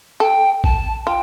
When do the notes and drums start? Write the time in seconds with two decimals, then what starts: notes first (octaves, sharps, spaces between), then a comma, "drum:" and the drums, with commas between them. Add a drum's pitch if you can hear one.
0.20 A4 G5
0.64 A5, drum: kick A1
1.07 F4 G5